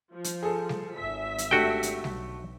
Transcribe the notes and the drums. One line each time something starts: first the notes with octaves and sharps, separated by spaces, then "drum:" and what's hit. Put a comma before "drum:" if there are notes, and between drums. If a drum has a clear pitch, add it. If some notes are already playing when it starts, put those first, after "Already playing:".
F3
drum: hi-hat
G#4 A4
drum: snare G3
G#1 E5 B6
drum: hi-hat
A3 D4 F#4 G4 G5
drum: hi-hat
B1, drum: snare G3